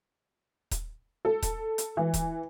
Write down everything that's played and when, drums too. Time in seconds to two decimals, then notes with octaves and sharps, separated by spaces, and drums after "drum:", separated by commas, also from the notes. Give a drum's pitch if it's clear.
0.71 drum: kick D#1, hi-hat
1.25 A4
1.42 drum: kick D#1, hi-hat
1.78 drum: hi-hat
1.97 E3
2.14 drum: kick D#1, hi-hat